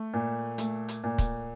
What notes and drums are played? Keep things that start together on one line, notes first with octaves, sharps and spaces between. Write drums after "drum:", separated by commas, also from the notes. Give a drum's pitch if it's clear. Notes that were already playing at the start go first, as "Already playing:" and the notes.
Already playing: A3
A#2
A3, drum: hi-hat
drum: hi-hat
A#2
drum: kick, hi-hat